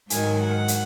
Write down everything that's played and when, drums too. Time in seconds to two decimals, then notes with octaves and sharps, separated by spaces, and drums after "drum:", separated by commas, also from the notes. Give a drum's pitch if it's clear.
0.10 G#2 D#3 F#3 G#5, drum: hi-hat
0.39 F#5
0.68 drum: hi-hat